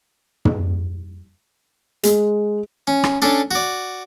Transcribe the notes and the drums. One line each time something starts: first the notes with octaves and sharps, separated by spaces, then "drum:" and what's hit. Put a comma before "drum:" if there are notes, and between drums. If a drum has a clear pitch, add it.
drum: tom
G#3, drum: hi-hat
C#4
drum: rim click
C#4 D4 A4
F#4 D5